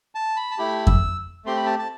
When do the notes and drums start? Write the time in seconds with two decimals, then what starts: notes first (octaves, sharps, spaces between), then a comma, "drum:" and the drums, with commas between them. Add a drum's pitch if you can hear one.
0.15 A5
0.36 B5
0.51 A5
0.58 A3 E4 G4 B5
0.87 E6, drum: kick F2
1.45 A3 C4 G4 C6
1.57 B5
1.66 A5
1.79 A5